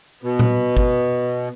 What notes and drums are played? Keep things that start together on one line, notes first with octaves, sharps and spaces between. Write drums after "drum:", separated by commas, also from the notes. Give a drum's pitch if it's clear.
B2 B3
drum: tom A#2
drum: kick